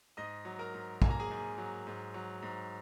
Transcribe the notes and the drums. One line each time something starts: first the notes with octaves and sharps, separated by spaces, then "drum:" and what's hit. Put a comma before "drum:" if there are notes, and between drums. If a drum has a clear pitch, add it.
G#2 D#5 D#6
F#3
A#4 A#5
G#2
A#3 G#5, drum: kick
A#5
G#4 G#5
G#2
F#3
G#2
F#3
G#2